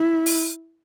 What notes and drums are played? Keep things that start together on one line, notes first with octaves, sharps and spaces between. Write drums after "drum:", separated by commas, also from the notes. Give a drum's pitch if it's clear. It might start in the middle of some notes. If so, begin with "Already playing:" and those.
Already playing: E4
drum: open hi-hat